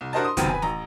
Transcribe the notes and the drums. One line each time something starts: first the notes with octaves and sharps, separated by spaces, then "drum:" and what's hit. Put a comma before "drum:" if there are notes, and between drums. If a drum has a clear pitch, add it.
C2
D4 F#4 A#4 C5 D#5 A5
C6 D#6
C#2 F#2 C3 D#3 B3 C4, drum: kick, hi-hat
B4 G#5
A1 A#5, drum: snare